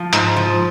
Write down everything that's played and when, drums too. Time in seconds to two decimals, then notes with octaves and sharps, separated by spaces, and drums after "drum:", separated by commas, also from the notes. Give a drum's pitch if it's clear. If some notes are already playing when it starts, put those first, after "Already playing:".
Already playing: F3
0.13 G#2, drum: hi-hat
0.36 F3